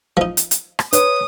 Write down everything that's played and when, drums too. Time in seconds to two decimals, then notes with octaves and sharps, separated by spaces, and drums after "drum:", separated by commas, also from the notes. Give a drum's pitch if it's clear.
0.17 F3 D#4
0.37 drum: hi-hat
0.51 drum: hi-hat
0.79 drum: rim click
0.93 B4 C#5 D#6, drum: hi-hat